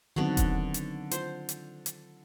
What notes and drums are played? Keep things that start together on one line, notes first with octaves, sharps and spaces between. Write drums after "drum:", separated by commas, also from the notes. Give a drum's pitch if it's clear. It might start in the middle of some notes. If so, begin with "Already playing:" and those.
D3 D#3 F#3 B3 C4 F#4
drum: kick E1, hi-hat
drum: hi-hat
F4 C5, drum: hi-hat
drum: hi-hat
drum: hi-hat